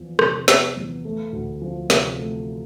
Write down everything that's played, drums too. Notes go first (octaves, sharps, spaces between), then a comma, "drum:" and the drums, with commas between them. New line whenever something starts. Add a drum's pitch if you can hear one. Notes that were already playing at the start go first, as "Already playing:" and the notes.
Already playing: E2 F3
C3, drum: rim click
B3, drum: snare
E2
A3
D2
F3
C3, drum: snare
A3